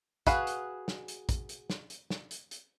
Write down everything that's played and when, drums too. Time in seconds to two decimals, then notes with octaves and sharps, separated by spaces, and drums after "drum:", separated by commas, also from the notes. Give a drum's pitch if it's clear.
0.27 F#4 G#4 B4 F5, drum: kick, hi-hat
0.47 drum: hi-hat
0.88 drum: snare
1.08 drum: hi-hat
1.29 drum: kick, hi-hat
1.49 drum: hi-hat
1.70 drum: snare
1.90 drum: hi-hat
2.10 drum: snare
2.31 drum: hi-hat
2.51 drum: hi-hat